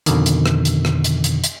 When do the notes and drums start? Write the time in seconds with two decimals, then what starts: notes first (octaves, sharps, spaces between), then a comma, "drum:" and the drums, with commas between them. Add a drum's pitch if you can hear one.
0.06 F2 B2 D3 D#3, drum: hi-hat
0.26 drum: hi-hat
0.46 drum: rim click
0.65 drum: hi-hat
0.85 drum: rim click
1.04 drum: hi-hat
1.24 drum: hi-hat
1.44 drum: hi-hat